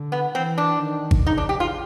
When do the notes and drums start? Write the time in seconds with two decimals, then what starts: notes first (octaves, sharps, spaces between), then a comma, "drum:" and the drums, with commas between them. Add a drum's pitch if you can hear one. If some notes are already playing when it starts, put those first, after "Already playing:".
Already playing: D3
0.12 B3
0.35 E3 C4
0.58 D4
0.81 D#3
1.11 drum: kick G#1
1.26 C#3 D#4
1.38 D4
1.49 G4
1.60 F4